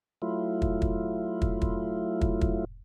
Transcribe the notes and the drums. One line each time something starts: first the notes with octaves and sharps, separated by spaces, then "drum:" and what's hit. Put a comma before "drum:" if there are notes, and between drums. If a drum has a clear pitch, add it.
F#3 A3 E4 F4
drum: kick
drum: kick
drum: kick
drum: kick
drum: kick
drum: kick